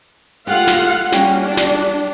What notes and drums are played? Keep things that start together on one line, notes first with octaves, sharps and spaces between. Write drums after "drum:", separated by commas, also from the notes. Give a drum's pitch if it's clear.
A3 F4 G4 F5 F#5
drum: snare
G3 A#3 C#4 G5, drum: snare
D4
drum: snare